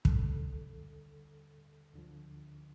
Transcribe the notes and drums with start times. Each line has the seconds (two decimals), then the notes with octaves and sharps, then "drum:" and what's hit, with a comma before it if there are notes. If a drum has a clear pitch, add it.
0.05 D#2 D3 G3 A4, drum: kick
1.94 D2 D3 F3